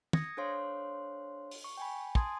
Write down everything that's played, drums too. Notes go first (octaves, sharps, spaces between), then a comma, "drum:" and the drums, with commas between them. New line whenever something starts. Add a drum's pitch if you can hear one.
D#6 G#6 A#6 C#7, drum: tom
D4 A4 C5 C#5 F5 C6
drum: open hi-hat
C#6
G5 G#5 B5
G#5 A5 C6 D#6 G#6, drum: kick